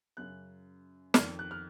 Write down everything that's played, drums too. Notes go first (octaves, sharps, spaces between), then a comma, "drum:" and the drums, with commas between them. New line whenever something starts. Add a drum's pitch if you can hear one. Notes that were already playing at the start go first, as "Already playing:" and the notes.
F#2 C#3 F#6
F2 D#3 F6, drum: snare
F#6
F6